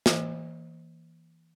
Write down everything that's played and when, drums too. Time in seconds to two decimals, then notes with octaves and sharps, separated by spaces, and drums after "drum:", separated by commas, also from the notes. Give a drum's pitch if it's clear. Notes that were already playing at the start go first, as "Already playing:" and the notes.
0.06 E3 A#3 C5 D#5, drum: snare